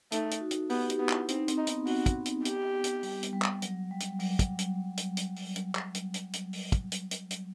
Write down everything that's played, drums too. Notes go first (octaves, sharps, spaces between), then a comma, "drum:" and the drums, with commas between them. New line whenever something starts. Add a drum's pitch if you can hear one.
A3 D#4, drum: hi-hat
drum: hi-hat
F#4
drum: hi-hat
B3 G4, drum: open hi-hat
G4, drum: hi-hat
B3
E4, drum: clap
C4 D#4, drum: hi-hat
C4, drum: hi-hat
D#4
B3, drum: hi-hat
F#4, drum: open hi-hat
drum: kick, hi-hat
drum: hi-hat
G4, drum: hi-hat
drum: hi-hat
G3, drum: open hi-hat
drum: hi-hat
G3
drum: clap
F#3, drum: hi-hat
G3
drum: hi-hat
F#3, drum: open hi-hat
drum: kick, hi-hat
drum: hi-hat
drum: hi-hat
drum: hi-hat
drum: open hi-hat
drum: hi-hat
drum: clap
drum: hi-hat
drum: hi-hat
drum: hi-hat
drum: open hi-hat
drum: kick, hi-hat
drum: hi-hat
drum: hi-hat
drum: hi-hat